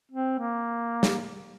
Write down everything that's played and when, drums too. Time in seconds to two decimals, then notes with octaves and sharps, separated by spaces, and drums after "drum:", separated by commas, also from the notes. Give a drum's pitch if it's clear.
0.11 C4
0.39 A#3
1.03 drum: snare